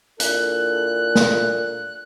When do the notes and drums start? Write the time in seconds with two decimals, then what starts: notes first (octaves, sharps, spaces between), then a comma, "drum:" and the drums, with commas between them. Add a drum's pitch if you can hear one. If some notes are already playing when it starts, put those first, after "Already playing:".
0.20 A#2 D4 E4 A4 F#6, drum: hi-hat
1.15 drum: snare